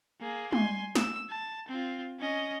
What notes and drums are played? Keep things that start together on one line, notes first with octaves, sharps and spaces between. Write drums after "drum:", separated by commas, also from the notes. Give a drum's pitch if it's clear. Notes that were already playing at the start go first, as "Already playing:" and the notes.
A#3 G#4
G#5 C6, drum: tom
E6, drum: snare
A5
C4 F4
C#4 D#5